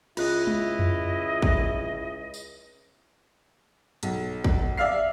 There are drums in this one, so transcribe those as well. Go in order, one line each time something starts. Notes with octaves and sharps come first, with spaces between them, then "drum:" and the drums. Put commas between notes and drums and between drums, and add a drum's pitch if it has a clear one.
C#2 E4 F4 D#5 F#6, drum: cymbal
drum: tom
drum: tom F2
drum: kick
drum: tambourine
B1, drum: hi-hat
drum: kick
D5 E5 F5 F6 C7